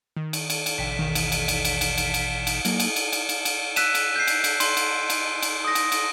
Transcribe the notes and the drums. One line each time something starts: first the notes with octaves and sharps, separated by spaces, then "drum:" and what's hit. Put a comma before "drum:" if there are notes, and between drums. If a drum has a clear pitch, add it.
D#3
drum: cymbal
drum: cymbal
drum: cymbal
A1 B2 D3 E3 G5
D#2 D#3
drum: cymbal
drum: cymbal
drum: cymbal
drum: cymbal
drum: cymbal
drum: cymbal
drum: cymbal
drum: cymbal
F#3 A#3, drum: cymbal
drum: cymbal
drum: cymbal
drum: cymbal
drum: cymbal
drum: cymbal
E6 F#6 B6 D#7 E7, drum: cymbal
drum: cymbal
G6 C7
drum: cymbal
drum: cymbal
C6, drum: cymbal
drum: cymbal
drum: cymbal
drum: cymbal
D#6 A#6
drum: cymbal
drum: cymbal